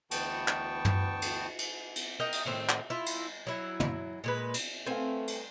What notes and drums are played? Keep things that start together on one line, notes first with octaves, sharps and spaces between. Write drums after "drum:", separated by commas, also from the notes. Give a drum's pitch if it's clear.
D2 E3 B3 G5 A5 C#6, drum: cymbal
drum: clap
drum: tom
drum: cymbal
drum: cymbal
drum: cymbal
A#4 D#5 F#5 G5
drum: cymbal
A2 D#3 C4
drum: clap
E4 F4
drum: cymbal
F#3 E4
drum: tom
A#2 G#3 B4
drum: cymbal
A3 C4 B4 F5 G#5
drum: cymbal